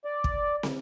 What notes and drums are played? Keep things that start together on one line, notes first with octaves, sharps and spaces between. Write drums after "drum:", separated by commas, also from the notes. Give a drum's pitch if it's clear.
D5
drum: kick
drum: snare